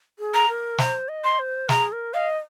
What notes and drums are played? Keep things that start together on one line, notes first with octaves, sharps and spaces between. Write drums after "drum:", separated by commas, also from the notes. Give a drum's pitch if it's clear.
G#4
A#5
A#4
C5 A#5, drum: snare
D#5
C6
C5
G#4 A#5, drum: snare
A#4
D#5 F5